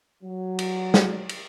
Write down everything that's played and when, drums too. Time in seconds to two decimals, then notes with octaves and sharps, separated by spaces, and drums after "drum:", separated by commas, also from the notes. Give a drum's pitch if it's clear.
0.23 F#3
0.59 drum: cymbal
0.94 drum: snare
1.29 drum: cymbal